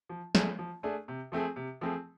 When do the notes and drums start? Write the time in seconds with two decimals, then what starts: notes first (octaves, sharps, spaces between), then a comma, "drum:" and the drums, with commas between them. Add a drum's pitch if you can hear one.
0.09 F3
0.35 A3 D4 G#4, drum: snare
0.59 F3
0.83 A3 D4 G#4
1.08 C3
1.32 F3 A3 C4 G#4
1.56 C3
1.81 F3 A3 C4 G#4